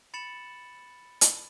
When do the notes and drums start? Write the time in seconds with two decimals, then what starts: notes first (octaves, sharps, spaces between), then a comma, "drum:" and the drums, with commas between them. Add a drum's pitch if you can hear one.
0.14 B5 A6 C#7 E7 F#7
1.21 drum: hi-hat